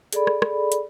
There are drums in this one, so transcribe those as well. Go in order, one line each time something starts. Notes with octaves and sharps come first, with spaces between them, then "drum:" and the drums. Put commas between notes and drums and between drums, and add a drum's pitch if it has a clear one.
G#4 A4 D5 B5, drum: hi-hat
drum: rim click
drum: rim click
drum: hi-hat